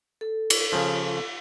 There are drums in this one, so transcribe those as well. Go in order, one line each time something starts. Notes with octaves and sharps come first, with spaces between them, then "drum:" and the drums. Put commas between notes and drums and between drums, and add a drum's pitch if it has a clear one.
A4
drum: cymbal
C#3 F3